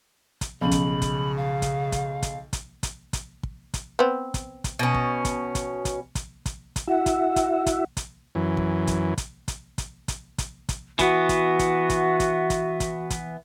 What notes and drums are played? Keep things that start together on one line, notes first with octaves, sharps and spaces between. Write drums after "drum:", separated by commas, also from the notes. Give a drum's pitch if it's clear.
drum: kick, hi-hat
B1 C#3 F3 C#4 B5
drum: kick, hi-hat
drum: kick, hi-hat
F5
drum: kick, hi-hat
drum: kick, hi-hat
drum: kick, hi-hat
drum: kick, hi-hat
drum: kick, hi-hat
drum: kick, hi-hat
drum: kick
drum: kick, hi-hat
B3 C4
drum: kick, hi-hat
drum: kick, hi-hat
B2 C#4
drum: kick
drum: kick, hi-hat
drum: kick, hi-hat
drum: kick, hi-hat
drum: kick, hi-hat
drum: kick, hi-hat
drum: kick, hi-hat
E4 F#4 E5 F#5
drum: kick, hi-hat
drum: kick, hi-hat
drum: kick, hi-hat
drum: kick, hi-hat
F#2 E3
drum: kick
drum: kick, hi-hat
drum: kick, hi-hat
drum: kick, hi-hat
drum: kick, hi-hat
drum: kick, hi-hat
drum: kick, hi-hat
drum: kick, hi-hat
E3 B3 F#4, drum: kick, hi-hat
drum: kick, hi-hat
drum: kick, hi-hat
drum: kick, hi-hat
drum: kick, hi-hat
drum: kick, hi-hat
drum: kick, hi-hat
drum: kick, hi-hat